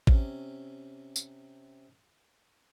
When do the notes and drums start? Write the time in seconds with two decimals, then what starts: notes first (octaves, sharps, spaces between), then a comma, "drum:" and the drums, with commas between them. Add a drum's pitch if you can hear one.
0.07 C3 C#4, drum: kick A1
1.16 drum: tambourine